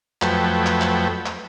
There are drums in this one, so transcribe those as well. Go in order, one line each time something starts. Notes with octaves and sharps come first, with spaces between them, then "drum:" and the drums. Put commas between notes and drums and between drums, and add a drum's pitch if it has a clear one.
F2 F#3 A3 B4 G5, drum: clap
drum: clap
drum: clap
drum: clap